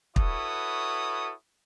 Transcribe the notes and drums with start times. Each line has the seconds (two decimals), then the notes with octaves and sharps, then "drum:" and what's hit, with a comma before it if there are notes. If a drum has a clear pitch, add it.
0.16 E4 F#4 A4 B4 C#5 D#6, drum: kick